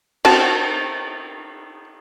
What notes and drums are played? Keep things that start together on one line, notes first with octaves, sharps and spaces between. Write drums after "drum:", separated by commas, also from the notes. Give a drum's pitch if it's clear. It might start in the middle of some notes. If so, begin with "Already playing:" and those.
C4 F#4 A5, drum: cymbal